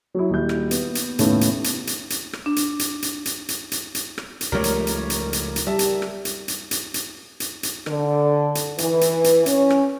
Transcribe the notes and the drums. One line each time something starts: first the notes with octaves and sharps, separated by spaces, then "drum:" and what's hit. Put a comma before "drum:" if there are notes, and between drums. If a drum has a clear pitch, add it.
F#3 E4
D#1 E4 G6
drum: rim click
B3, drum: hi-hat
drum: hi-hat
D#2 A2 C#3 A3 B3 C#4, drum: hi-hat
drum: hi-hat
drum: hi-hat
drum: hi-hat
drum: hi-hat
drum: rim click
D4
drum: hi-hat
drum: hi-hat
drum: hi-hat
drum: hi-hat
drum: hi-hat
drum: hi-hat
drum: hi-hat
drum: rim click
drum: hi-hat
C#2 F3 G3 A3 A#4 C#5
drum: hi-hat
drum: hi-hat
drum: hi-hat
drum: hi-hat
drum: hi-hat
G3 E5 A5
drum: hi-hat
drum: rim click
drum: hi-hat
drum: hi-hat
drum: hi-hat
drum: hi-hat
drum: hi-hat
drum: hi-hat
D3, drum: rim click
drum: hi-hat
E3, drum: hi-hat
drum: hi-hat
drum: hi-hat
C#4, drum: hi-hat
drum: rim click